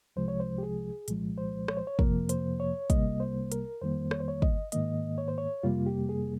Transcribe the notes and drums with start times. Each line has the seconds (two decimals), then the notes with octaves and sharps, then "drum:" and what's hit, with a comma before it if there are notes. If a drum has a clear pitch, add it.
0.16 C2 C3 F3 G#3 C5
0.28 C#5
0.40 C5
0.58 G4
0.63 G#4
1.08 C2 A#2 F3 G#3, drum: hi-hat
1.38 C5
1.68 C#5, drum: rim click
1.77 C5
1.87 C#5
1.99 F2 C3 F3 A#3 A#4, drum: kick
2.29 C5, drum: hi-hat
2.60 C#5
2.90 C2 C3 G3 A#3 D#5, drum: kick, hi-hat
3.20 C5
3.52 A#4, drum: hi-hat
3.81 F2 D#3 G3 A#3 C5
4.11 C#5, drum: rim click
4.20 C5
4.28 C#5
4.42 D#5, drum: kick
4.72 G#2 D#3 A#3 D#5, drum: hi-hat
5.18 C#5
5.28 C5
5.38 C#5
5.63 F2 C3 G3 A#3 F4
5.86 G4
6.09 G#4